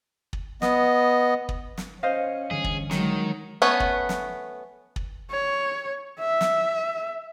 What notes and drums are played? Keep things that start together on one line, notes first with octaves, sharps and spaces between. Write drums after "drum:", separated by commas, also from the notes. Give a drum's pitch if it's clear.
drum: kick
B3 D#5, drum: snare
drum: kick
drum: snare
C#4 C5 D#5 F5
D3 E3 G3 G#4
drum: kick
D#3 F#3 G#3, drum: snare
A3 B3 C#4 B4 C#5
drum: kick
drum: snare
drum: kick
C#5
E5
drum: snare